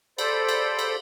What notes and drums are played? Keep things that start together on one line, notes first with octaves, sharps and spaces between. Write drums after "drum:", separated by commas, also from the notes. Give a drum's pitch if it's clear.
A4 C5 D5 B5, drum: cymbal
drum: cymbal
drum: cymbal